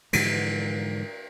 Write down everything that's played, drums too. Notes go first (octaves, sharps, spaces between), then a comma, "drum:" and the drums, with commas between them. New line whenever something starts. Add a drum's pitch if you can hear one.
G#2 D3 E3 F3, drum: cymbal